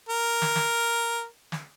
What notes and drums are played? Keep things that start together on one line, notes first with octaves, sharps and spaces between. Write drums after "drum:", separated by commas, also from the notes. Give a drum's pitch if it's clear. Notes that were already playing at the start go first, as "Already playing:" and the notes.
A#4
drum: snare
drum: snare
drum: snare